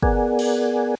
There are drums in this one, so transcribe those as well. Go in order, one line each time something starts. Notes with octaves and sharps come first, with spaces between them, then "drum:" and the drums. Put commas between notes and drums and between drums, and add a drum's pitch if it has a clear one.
B3 G#4 A#4 D5 F#5 G#5, drum: kick
drum: cymbal